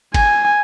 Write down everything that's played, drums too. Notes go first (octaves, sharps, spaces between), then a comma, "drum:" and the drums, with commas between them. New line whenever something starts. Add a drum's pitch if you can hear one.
G#5, drum: kick G1, cymbal